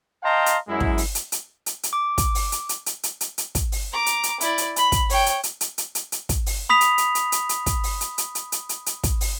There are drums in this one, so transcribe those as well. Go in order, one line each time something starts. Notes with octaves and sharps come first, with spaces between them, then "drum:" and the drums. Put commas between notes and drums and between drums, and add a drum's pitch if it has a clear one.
D#5 F5 G5 A5 A#5 C6
drum: hi-hat
F#2 G#3 E4
drum: kick
drum: open hi-hat
drum: hi-hat
drum: hi-hat
drum: hi-hat
drum: hi-hat
D6
drum: kick, hi-hat
drum: open hi-hat
drum: hi-hat
drum: hi-hat
drum: hi-hat
drum: hi-hat
drum: hi-hat
drum: hi-hat
drum: kick, hi-hat
drum: open hi-hat
A#5 D6
drum: hi-hat
drum: hi-hat
E4 D5, drum: hi-hat
drum: hi-hat
B5, drum: hi-hat
drum: kick, hi-hat
C#5 G5, drum: open hi-hat
drum: hi-hat
drum: hi-hat
drum: hi-hat
drum: hi-hat
drum: hi-hat
drum: hi-hat
drum: kick, hi-hat
drum: open hi-hat
B5 D#6 B6 F7
drum: hi-hat
drum: hi-hat
drum: hi-hat
drum: hi-hat
drum: hi-hat
drum: kick, hi-hat
drum: open hi-hat
drum: hi-hat
drum: hi-hat
drum: hi-hat
drum: hi-hat
drum: hi-hat
drum: hi-hat
drum: kick, hi-hat
drum: open hi-hat